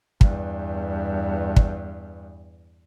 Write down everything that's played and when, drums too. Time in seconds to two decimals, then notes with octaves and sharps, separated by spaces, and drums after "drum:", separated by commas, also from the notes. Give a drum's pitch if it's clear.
0.21 E2 G2, drum: kick
1.56 drum: kick